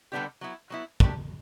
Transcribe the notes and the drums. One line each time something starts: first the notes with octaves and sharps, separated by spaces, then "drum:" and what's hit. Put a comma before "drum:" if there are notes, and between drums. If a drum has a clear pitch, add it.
D3 G3 B3 D4 G4
F#3 B3 E4
F#3 B3 E4
A3 D4 G4, drum: kick